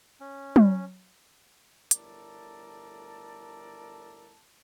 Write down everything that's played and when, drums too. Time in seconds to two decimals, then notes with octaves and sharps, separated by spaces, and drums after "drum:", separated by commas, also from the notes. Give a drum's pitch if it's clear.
0.20 C#4
0.56 drum: tom
1.91 G1 A2 A4 A#4 D5 A5, drum: hi-hat